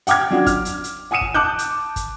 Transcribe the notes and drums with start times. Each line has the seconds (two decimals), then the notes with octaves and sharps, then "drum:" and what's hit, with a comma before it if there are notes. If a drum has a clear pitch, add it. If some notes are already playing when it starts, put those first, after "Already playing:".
0.07 F#5 G5 D6 F6 G#6, drum: hi-hat
0.30 F#3 C#4 D4 F4 F#4
0.46 F6, drum: kick, hi-hat
0.65 drum: hi-hat
0.84 drum: hi-hat
1.11 F#5 G#5 D#6 C#7 D#7 E7
1.21 drum: kick
1.34 A5 D6 F#6 G6
1.59 drum: hi-hat
1.96 drum: kick, hi-hat